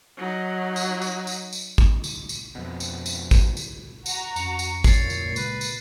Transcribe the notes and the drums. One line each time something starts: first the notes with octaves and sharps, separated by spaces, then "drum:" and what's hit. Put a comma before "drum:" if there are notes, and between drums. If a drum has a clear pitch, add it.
F#3 D#4
drum: tambourine
drum: tambourine
drum: tambourine
drum: tambourine
drum: kick, tambourine
drum: tambourine
drum: tambourine
F2 B2
drum: tambourine
drum: tambourine
drum: kick, tambourine
drum: tambourine
F#4 A#5, drum: tambourine
F2 C#4 C#6, drum: tambourine
drum: tambourine
A#2 C#5 A6 C7, drum: kick, tambourine
drum: tambourine
C#3 G#3 B4, drum: tambourine
drum: tambourine